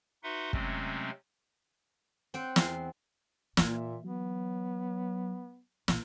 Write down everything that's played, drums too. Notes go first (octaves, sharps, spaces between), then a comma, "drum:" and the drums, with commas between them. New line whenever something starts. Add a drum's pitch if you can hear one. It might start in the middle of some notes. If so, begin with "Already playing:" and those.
D#4 F#4 B4 E5 F#5 C6
C3 F#3 G#3 A3 C4 C#4, drum: kick
C4 F#5 G5
E2 C6, drum: snare
A#2 E3 A#3 G#6, drum: snare
E5
F#3 B3
A#1, drum: snare